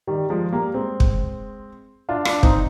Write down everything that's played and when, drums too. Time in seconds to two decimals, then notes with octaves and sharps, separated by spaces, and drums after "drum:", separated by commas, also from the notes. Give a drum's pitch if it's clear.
0.07 D#3 G3
0.29 F3 G#3
0.52 G3 A#3
0.74 G#3 C4
1.00 drum: kick
2.09 D4 F4
2.25 D4 F4, drum: rim click
2.43 C4 D#4, drum: kick